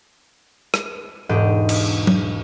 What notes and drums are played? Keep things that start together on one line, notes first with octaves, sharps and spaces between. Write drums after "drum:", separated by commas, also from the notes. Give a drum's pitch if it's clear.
drum: rim click
E1 G#2 D4 G4 D#5
drum: cymbal
drum: tom F#3